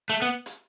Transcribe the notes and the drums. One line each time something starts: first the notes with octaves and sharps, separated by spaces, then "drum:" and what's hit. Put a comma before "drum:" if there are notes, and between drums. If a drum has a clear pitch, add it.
A3, drum: hi-hat
B3
drum: hi-hat